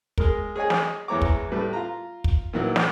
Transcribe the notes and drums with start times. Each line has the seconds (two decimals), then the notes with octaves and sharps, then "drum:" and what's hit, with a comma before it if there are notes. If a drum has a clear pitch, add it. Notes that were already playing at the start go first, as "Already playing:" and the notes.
0.18 G#3 A#4, drum: kick
0.56 G#4 C#5 D#5 G#5
0.70 drum: snare
1.08 E2 E3 G#3 C#5 A#5 D6
1.22 drum: kick
1.51 A2 G3 A3 B4
1.73 F4 A#5
2.24 drum: kick
2.53 A#2 D#3 E3 F#3
2.76 drum: snare